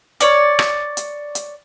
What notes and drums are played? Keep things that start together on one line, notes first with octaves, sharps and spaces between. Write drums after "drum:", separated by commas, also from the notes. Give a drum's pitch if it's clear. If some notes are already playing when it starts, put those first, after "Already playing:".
C#5 D5, drum: hi-hat
drum: rim click
drum: hi-hat
drum: hi-hat